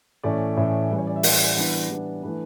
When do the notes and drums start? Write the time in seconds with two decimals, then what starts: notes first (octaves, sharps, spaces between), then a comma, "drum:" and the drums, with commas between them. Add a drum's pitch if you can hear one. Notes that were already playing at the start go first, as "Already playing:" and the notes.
0.24 A2 E3 A3 C#4 D5
0.57 A2 E3 A3 C#4 E5
0.90 E3 G3 C#4 B4
0.98 C#5
1.07 D5
1.16 E5
1.23 E3 G3 C#4 F#5, drum: open hi-hat
1.57 E3 G3 B3 D4 F#5
1.90 E3 G3 B3 D4
2.23 E3 A3 D4 B4